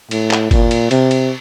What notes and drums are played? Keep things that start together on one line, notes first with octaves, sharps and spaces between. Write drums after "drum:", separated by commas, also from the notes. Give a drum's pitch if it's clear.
A2, drum: cymbal
drum: clap
A#2, drum: kick G1, cymbal
drum: cymbal
C3, drum: cymbal
drum: cymbal